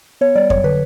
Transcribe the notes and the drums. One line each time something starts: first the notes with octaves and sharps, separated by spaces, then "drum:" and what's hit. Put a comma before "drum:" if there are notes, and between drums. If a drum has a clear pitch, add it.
B3 C#5
G3 D5
F#3 C#5, drum: kick F2
D3 B4